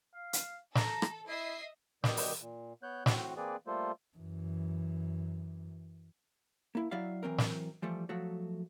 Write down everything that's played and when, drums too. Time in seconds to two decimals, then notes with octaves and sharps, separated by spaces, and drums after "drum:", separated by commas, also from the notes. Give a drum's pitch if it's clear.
0.14 F5
0.33 drum: hi-hat
0.75 A4 A#5, drum: snare
1.02 drum: rim click
1.28 E4 D#5 E5 C7
2.04 B2 D#3 G3 D6 D#6 G6, drum: snare
2.17 drum: open hi-hat
2.41 A#2
2.83 B3 C#5 F#6 G6
3.06 A2 C4 F#4, drum: snare
3.37 A#3 C4 G#4 B4 D5
3.67 G3 A3 A#3 F4 A4 C5
4.18 F#2 E3
6.75 A#3 E4
6.91 F#3 E4 D5 E5 F5
7.23 E3 F#3 C4 A#4
7.38 drum: snare
7.82 E3 F3 G3 A3
8.09 F3 F#3 A3 F#4